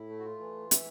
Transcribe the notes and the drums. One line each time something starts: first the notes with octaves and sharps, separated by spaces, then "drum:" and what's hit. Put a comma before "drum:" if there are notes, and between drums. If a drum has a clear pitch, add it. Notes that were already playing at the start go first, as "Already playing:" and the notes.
Already playing: A2 E4
A3
F#4
F4
E3
E4, drum: hi-hat